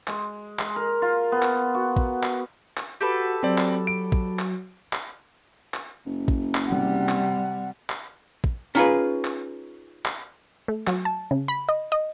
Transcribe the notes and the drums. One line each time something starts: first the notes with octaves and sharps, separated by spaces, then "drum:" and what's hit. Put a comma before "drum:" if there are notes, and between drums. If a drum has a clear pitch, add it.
G#3, drum: clap
G#3, drum: clap
A#4
F4
B3
drum: clap
F#4
drum: kick
drum: clap
drum: clap
F#4 G4 A4 B4
F#3 C4 D5
drum: clap
D7
drum: kick
drum: clap
drum: clap
drum: clap
F#1
drum: kick
drum: clap
C3 G3 F#5
drum: clap
drum: clap
drum: kick
C#4 D#4 F4 G#4 B4
drum: clap
drum: clap
A3
F#3, drum: clap
A5
C#3
B5
D#5
D#5